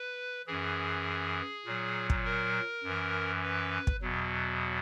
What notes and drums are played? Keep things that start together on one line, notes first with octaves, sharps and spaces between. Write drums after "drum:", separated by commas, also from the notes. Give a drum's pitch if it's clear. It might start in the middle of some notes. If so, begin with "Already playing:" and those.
Already playing: B4
F#2 E3 G#4
A#2 F#3
drum: kick
A#4
F#2 E3
B4
drum: kick
E2 B2 F#3